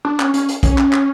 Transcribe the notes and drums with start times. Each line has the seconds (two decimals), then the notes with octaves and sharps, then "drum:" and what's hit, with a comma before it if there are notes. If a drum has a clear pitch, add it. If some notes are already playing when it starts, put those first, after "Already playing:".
0.05 D4
0.20 C#4, drum: clap
0.34 C#4, drum: hi-hat
0.49 drum: hi-hat
0.63 C#4, drum: kick, hi-hat
0.78 drum: clap
0.93 drum: clap